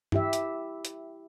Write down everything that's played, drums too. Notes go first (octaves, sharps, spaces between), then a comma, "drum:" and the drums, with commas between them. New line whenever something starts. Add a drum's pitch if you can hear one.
E4 G4 E5, drum: tom G2
drum: hi-hat
drum: hi-hat